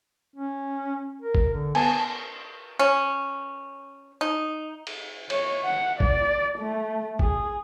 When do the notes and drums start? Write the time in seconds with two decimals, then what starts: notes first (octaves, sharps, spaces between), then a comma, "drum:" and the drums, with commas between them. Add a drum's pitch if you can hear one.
0.36 C#4
1.22 A#4
1.35 drum: kick
1.54 D3
1.75 B3 G#5 A5, drum: cymbal
2.79 C#4
4.21 D#4
4.87 drum: cymbal
5.30 C#5, drum: cymbal
5.65 F#5
6.00 D5, drum: kick
6.58 A3
7.19 G#4, drum: kick